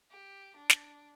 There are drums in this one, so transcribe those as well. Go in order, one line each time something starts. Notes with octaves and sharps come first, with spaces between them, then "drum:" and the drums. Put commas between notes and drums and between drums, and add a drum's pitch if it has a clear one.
G4
D4
drum: snare